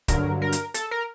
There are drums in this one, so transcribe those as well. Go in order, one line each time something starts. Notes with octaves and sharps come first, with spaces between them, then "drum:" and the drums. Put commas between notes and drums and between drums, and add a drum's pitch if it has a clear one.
G2 D3 F#3 A#4, drum: kick, hi-hat
A#4
drum: hi-hat
A4, drum: hi-hat
A#4